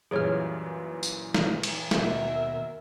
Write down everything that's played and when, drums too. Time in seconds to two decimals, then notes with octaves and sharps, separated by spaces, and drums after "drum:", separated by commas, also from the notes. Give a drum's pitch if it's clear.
0.11 F#2 A#2 E3 G3 C#4 G#4 C#5 F6
1.03 drum: tambourine
1.34 drum: snare
1.63 drum: cymbal
1.91 D#2 B2 A#4 E5, drum: snare